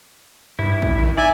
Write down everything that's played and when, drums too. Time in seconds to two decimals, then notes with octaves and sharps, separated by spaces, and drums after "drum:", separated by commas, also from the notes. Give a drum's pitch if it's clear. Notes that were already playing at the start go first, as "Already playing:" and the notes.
0.59 G2 E4
0.82 drum: kick A#1
0.98 D#3
1.17 D#4 D5 E5 G#5